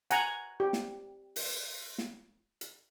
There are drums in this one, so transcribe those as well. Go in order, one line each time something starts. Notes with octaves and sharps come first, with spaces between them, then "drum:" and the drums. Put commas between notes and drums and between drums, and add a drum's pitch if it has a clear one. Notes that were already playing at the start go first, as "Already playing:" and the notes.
F#5 G#5 A#5, drum: hi-hat
G4
drum: snare
drum: open hi-hat
drum: snare
drum: hi-hat